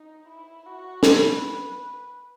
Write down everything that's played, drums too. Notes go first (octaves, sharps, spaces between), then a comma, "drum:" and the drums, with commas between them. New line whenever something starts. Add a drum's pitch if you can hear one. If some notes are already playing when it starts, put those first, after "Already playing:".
Already playing: D#4
E4
F#4
B4, drum: snare